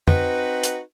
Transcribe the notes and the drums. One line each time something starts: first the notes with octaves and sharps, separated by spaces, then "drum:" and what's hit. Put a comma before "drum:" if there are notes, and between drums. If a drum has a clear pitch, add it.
C4 D#4 F#4 B4, drum: tom F2
drum: hi-hat